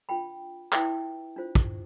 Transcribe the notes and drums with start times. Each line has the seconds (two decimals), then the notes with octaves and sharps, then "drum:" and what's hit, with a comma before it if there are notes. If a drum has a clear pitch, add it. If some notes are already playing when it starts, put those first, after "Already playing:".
0.09 D4 F4 B4 G5 B5
0.73 E4 B4 E5 G5, drum: clap
1.36 D4 F4 C5
1.55 drum: kick